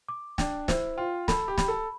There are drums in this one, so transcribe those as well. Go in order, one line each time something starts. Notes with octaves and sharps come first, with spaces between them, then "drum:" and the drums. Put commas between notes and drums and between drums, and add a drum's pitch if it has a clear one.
D6
D4 G5, drum: snare
E4 C5, drum: snare
F4 G5
A4 B5, drum: snare
G4
B5, drum: snare
A4